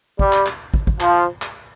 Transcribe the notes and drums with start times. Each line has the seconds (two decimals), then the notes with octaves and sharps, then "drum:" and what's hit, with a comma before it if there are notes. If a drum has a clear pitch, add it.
0.19 G3, drum: kick
0.33 drum: clap
0.46 drum: clap
0.74 drum: kick
0.87 drum: kick
1.00 F3, drum: clap
1.42 drum: clap